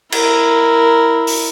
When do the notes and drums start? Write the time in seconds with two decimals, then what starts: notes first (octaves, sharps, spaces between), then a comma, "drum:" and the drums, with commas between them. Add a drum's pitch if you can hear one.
0.12 E4 A#4, drum: cymbal
1.27 drum: open hi-hat